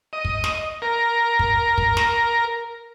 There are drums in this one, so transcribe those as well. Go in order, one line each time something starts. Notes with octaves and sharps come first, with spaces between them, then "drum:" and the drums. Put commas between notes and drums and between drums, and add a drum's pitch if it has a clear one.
D#5
drum: kick
drum: snare
A#4
drum: kick
drum: kick
drum: snare